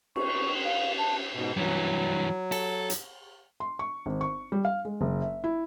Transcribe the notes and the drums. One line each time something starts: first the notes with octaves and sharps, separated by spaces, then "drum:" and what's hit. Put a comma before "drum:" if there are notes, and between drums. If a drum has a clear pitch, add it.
C#6, drum: cymbal
F5
A5
G#2 B2
G2 E3 F#3
A4, drum: cymbal
drum: hi-hat
C6
C#6
G#1
C#6
G3
F5
G#3
F#1
E5
E4